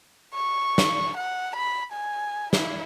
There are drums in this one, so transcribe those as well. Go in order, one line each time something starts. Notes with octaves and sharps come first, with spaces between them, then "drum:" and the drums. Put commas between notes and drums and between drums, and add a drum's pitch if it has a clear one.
C#6
drum: snare
F#5
B5
G#5
E4, drum: snare